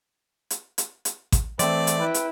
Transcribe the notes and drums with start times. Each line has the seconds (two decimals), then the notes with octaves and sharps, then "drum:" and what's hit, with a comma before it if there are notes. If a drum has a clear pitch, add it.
0.50 drum: hi-hat
0.78 drum: hi-hat
1.05 drum: hi-hat
1.32 drum: kick A1, hi-hat
1.59 E3 A3 C4 C5 D5, drum: hi-hat
1.87 drum: hi-hat
2.01 E4 B4 G5
2.14 drum: hi-hat